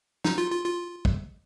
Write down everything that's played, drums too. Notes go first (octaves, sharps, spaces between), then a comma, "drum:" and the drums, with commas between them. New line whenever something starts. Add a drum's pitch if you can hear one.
D#4, drum: snare
F4
F4
F4
drum: kick